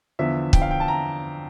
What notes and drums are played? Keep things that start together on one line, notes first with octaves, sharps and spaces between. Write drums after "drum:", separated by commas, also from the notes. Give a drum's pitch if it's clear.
E2 D3 F3 E5
G5, drum: kick
F5
G5
A5
A#5